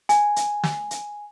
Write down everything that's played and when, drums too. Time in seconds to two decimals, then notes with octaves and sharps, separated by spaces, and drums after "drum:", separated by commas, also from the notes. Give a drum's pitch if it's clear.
0.09 G#5, drum: hi-hat
0.36 drum: hi-hat
0.64 drum: snare
0.91 drum: hi-hat